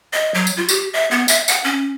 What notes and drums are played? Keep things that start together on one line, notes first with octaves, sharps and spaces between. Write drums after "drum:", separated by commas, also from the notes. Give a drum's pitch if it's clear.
D#5
F#3
drum: tambourine
F4
G4, drum: tambourine
E5
B3
E5, drum: tambourine
F#5, drum: tambourine
C#4